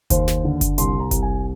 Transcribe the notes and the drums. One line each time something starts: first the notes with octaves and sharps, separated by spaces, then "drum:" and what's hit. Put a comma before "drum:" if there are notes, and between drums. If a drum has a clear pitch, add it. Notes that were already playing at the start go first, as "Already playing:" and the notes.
D#2 C5, drum: kick F#1, hi-hat
drum: snare
D3
drum: kick F#1, hi-hat
C2 C6, drum: hi-hat
A#5
C2, drum: kick F#1, hi-hat
G#5